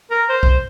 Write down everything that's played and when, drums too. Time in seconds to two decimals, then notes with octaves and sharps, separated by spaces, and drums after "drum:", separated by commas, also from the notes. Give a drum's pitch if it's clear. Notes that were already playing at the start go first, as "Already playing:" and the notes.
0.11 A#4
0.29 C5
0.43 drum: kick